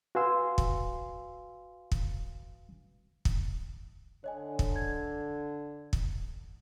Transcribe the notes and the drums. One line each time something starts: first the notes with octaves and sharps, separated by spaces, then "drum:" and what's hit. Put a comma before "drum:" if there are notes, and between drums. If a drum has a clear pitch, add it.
F#4 B4 F5 G#5 C6 E6
drum: kick
drum: kick
drum: kick
D3 C#5 D#5 G#5
drum: kick
G#6
drum: kick